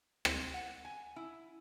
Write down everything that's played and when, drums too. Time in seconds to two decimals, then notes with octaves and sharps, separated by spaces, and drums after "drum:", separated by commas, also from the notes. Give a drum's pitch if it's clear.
0.25 C4, drum: rim click
0.54 F#5
0.85 G#5
1.16 E4